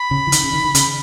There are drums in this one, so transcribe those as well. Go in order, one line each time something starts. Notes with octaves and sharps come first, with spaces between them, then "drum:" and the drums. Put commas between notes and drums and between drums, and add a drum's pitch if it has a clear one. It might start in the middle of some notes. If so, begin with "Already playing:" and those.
Already playing: B5
C#3
E3
D#3, drum: hi-hat
C#3
D#3
D#3
C#3, drum: hi-hat